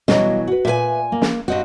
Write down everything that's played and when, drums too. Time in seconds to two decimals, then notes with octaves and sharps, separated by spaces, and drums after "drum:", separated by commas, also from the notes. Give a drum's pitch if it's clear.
0.08 B2 E3 F#3 G3 D#5 F5, drum: snare
0.47 F#4 B4
0.65 A#2 A#4 B4 E5 G#5
1.12 A#3
1.22 drum: snare
1.48 G2 C4 F#4 D#5